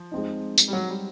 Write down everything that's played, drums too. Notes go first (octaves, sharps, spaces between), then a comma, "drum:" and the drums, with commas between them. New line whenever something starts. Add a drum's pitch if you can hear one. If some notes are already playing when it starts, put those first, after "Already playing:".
Already playing: F3
G#3 C4 D#4
drum: tambourine
G3
F#3
G3